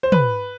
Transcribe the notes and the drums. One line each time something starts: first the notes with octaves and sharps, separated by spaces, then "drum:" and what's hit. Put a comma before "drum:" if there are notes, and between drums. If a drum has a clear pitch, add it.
C5
B4, drum: tom